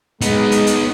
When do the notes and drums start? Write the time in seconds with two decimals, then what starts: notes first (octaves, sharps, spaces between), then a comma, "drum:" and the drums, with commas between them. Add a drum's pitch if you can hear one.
0.21 G#3 B3 D#4, drum: hi-hat
0.52 drum: hi-hat
0.67 drum: hi-hat